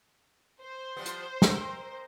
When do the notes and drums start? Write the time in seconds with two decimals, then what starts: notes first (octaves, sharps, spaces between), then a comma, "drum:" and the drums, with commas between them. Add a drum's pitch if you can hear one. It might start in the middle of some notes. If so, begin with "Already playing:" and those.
0.62 C5
0.97 F3 G3 B3
1.06 drum: hi-hat
1.42 C4 A#4 D#5, drum: snare